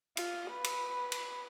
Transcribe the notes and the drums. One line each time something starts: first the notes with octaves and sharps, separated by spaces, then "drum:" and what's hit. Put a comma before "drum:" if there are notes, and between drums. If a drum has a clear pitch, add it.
F4, drum: cymbal
B4
drum: cymbal
drum: cymbal